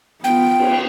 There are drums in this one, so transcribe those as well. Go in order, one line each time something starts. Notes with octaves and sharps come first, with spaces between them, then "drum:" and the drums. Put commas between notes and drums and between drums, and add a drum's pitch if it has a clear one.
B3 F4 G5
drum: cymbal